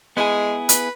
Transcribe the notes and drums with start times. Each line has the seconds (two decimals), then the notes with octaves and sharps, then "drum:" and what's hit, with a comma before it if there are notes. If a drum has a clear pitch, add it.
0.17 G#3 B3 E4 G#4
0.69 B4, drum: hi-hat